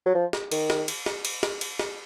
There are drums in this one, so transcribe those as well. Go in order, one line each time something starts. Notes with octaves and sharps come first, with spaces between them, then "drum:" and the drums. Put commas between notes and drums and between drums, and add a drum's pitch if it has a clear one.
F#3
F3
drum: snare
D#3, drum: cymbal
drum: snare
drum: cymbal
drum: snare
drum: cymbal
drum: snare
drum: cymbal
drum: snare